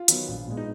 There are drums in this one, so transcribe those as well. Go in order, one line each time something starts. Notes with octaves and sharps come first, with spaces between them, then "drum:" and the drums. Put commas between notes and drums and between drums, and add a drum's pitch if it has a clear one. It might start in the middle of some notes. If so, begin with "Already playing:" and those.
Already playing: F4
D#3 F#3 B3, drum: hi-hat
A#1
A#2 G#3 B3
D#4